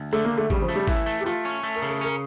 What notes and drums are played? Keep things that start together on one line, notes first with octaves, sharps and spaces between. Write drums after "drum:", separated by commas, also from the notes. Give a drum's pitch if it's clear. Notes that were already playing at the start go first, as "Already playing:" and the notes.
Already playing: D2
D3 A3
A#3
D2
A3
C#3 G3, drum: kick G#1
F3
A3
G3
E3 E4, drum: kick G#1
A3
G4
A3 F4
C#4
A3
A#4
C#3
A#4
C#4 A#4